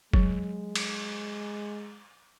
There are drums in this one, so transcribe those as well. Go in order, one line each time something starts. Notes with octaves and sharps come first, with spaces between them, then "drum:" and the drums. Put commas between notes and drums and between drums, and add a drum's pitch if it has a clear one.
F#3 G#3, drum: kick
drum: cymbal